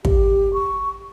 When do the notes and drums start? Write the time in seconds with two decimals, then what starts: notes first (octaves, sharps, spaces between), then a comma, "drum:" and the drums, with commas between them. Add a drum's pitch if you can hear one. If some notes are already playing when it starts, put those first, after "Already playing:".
0.05 G4, drum: kick
0.54 C#6